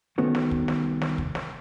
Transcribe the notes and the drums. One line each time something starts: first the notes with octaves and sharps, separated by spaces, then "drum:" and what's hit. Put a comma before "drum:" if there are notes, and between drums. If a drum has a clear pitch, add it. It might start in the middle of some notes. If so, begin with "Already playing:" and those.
C2 D#3 A3 B3 C#4 F#4
drum: snare
drum: kick
drum: snare
drum: snare
drum: kick
drum: snare